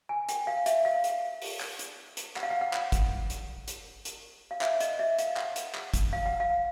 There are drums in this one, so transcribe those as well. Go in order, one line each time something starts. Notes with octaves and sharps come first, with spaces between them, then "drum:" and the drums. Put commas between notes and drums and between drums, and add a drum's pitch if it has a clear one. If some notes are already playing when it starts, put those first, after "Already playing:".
G#5
G5, drum: hi-hat
F5
E5, drum: hi-hat
F5
drum: hi-hat
drum: open hi-hat
drum: clap
drum: hi-hat
drum: hi-hat
F#5, drum: clap
F5
F#5
F#5
drum: clap
drum: kick, hi-hat
drum: hi-hat
drum: hi-hat
drum: hi-hat
F5
E5, drum: clap
D#5, drum: hi-hat
E5
F5, drum: hi-hat
F#5, drum: clap
drum: hi-hat
drum: clap
drum: kick, hi-hat
F5
F#5
F5